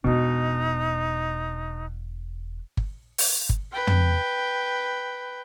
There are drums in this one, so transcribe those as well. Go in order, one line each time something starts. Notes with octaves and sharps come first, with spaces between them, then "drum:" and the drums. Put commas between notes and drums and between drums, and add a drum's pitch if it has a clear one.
E1 B2 D4 D#4
drum: kick G1
drum: open hi-hat
drum: kick G1
B4 G5
drum: tom